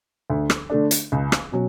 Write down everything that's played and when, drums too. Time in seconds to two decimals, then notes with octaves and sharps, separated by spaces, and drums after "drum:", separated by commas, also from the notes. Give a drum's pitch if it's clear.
0.30 D2
0.50 drum: rim click
0.70 D3 A3 D4
0.91 drum: hi-hat
1.12 C#2
1.32 drum: rim click
1.52 B2 F#3 C#4